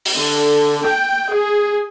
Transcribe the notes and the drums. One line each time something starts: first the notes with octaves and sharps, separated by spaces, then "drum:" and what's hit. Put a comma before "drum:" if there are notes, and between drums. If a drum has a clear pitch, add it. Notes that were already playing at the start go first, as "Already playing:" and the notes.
drum: open hi-hat
D3
G5
G#4